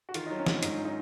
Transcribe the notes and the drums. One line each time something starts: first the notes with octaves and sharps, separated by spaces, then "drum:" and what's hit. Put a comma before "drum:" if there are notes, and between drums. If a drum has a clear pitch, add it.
F#4
D#3 F4, drum: hi-hat
F#3 D#4
C#4
F#3, drum: snare
G#2 D#4, drum: hi-hat
C#4
D#4